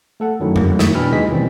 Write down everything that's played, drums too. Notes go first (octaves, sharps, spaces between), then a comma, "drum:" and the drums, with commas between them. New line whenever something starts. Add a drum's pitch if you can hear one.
A3 A4 F#5
F#2 D#3 F#3 A3 E4
drum: tom F2
E5 C#6 D#6 E6, drum: snare
B2 E3 D4 G5 B5 F6
D#2 E3 G#3 D#4 D#5 B6
B2 D#3 E3 G3 C4 C#4